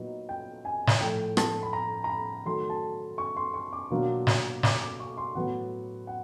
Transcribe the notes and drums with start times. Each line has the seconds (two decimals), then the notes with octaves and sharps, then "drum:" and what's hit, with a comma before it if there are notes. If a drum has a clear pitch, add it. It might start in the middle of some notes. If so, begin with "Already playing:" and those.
Already playing: A#2 F#3 B3 D#4
0.29 G5
0.65 G#5
0.87 drum: snare
1.01 A2 F3 A3 G5
1.37 A5, drum: rim click
1.63 B5
1.73 A#5
2.04 A#5
2.09 B5
2.45 D#3 F#3 A3 C6
2.70 A5
3.18 C#6
3.37 C6
3.54 C#6
3.73 D6
3.90 B2 F#3 A#3 D4 F4
4.27 drum: snare
4.63 D6, drum: snare
4.81 D6
5.00 C#6
5.18 C6
5.35 A2 F#3 B3 F#5
6.07 F#5